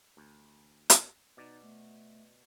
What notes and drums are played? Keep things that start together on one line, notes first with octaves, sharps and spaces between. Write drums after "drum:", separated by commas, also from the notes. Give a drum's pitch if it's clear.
D2
drum: hi-hat
B2 D#4 D5
A3